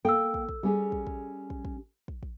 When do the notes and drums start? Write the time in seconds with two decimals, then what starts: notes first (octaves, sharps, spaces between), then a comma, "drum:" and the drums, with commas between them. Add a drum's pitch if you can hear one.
0.05 A#3 A4 G5 E6
0.34 drum: kick
0.49 drum: kick
0.63 G3 C#4 G#4
0.92 drum: kick
1.07 drum: kick
1.50 drum: kick
1.65 drum: kick
2.08 drum: kick
2.23 drum: kick